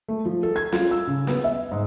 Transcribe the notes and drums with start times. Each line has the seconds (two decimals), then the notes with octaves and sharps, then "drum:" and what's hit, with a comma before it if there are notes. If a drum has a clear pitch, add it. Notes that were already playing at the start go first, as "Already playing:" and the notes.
0.08 A3
0.25 F3
0.43 A4
0.56 G#6
0.72 F4, drum: snare
0.91 E6
1.07 C#3
1.27 B3, drum: snare
1.44 E5
1.71 G#2